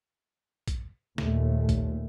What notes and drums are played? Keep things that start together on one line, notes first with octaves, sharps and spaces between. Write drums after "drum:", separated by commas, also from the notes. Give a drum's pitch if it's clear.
drum: kick A#1, hi-hat
D#2 A#2 A3, drum: snare
drum: kick A#1, hi-hat